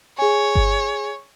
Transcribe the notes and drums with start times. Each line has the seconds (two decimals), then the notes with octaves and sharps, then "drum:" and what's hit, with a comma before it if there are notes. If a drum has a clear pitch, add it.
0.19 G#4 C#5 G#5
0.55 drum: kick G1